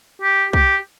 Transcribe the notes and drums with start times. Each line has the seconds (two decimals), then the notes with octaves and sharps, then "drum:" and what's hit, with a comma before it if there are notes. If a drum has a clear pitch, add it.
0.22 G4
0.53 G4, drum: kick